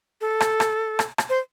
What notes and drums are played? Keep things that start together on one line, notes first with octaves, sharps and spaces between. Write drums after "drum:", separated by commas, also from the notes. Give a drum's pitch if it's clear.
A4
drum: rim click
drum: rim click
drum: rim click
drum: rim click
C5